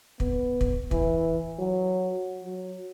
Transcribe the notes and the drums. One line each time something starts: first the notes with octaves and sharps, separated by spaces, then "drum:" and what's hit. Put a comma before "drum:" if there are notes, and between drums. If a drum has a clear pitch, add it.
B3, drum: kick
drum: kick
E3, drum: kick
F#3
F#3